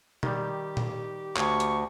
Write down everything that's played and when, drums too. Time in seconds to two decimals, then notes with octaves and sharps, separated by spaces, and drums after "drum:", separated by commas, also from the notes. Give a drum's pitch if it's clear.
0.23 D#3 G3 G4, drum: tom B2
0.77 drum: tom A#2
1.37 D2 C#5 C#6, drum: clap
1.60 drum: hi-hat